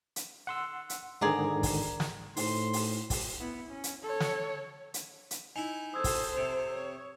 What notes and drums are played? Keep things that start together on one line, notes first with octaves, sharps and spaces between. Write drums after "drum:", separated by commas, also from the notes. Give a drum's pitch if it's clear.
drum: hi-hat
F#5 C6 E6
drum: hi-hat
G#2 D3 D#3 G#4 D5 A#5
drum: kick, open hi-hat
drum: snare
A2 D#4 C5 C6, drum: open hi-hat
drum: open hi-hat
drum: kick, open hi-hat
B3 E4
C#4
drum: hi-hat
A4 C#5
drum: snare
drum: hi-hat
drum: hi-hat
D#4 E4 G#5
A4 C5 D#6 E6 G#6
drum: kick, open hi-hat
C3
C#5